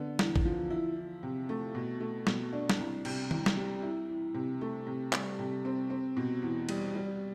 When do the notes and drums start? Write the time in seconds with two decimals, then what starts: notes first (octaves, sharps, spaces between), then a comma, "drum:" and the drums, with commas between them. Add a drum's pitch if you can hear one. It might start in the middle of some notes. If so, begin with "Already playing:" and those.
Already playing: D3 B3
0.19 E2, drum: snare
0.36 drum: kick
0.45 F3
0.70 E4
0.96 E3
1.23 C3
1.49 A3
1.75 B2
2.00 A3
2.27 B2, drum: snare
2.53 D4
2.70 drum: snare
2.79 C2
3.05 C3, drum: cymbal
3.31 C2, drum: tom
3.46 drum: snare
3.57 G3
3.82 E4
4.09 E3
4.34 C3
4.61 A3
4.87 C3
5.13 G3, drum: clap
5.39 C3
5.65 C4
5.90 C4
6.17 B2
6.42 E2
6.69 G3, drum: cymbal
6.95 G3